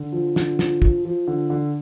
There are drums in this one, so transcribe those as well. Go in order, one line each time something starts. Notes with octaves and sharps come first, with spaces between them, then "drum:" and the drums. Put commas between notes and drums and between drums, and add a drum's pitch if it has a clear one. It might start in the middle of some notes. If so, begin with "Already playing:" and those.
Already playing: D3
F3
D3, drum: snare
F3, drum: snare
F3, drum: kick
F3
D3
D3